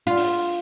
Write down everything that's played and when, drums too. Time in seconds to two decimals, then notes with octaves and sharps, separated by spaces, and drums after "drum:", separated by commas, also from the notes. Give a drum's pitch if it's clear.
0.07 F4
0.17 drum: open hi-hat